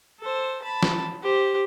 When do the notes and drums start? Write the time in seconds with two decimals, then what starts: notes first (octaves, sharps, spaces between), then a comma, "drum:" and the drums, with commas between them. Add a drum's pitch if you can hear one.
0.20 A4 C5
0.62 A5 B5
0.83 drum: snare
1.23 G4 C5